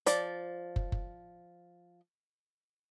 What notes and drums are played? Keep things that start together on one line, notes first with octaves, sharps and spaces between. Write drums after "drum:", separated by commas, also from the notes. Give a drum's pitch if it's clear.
F3 D5, drum: hi-hat
drum: kick
drum: kick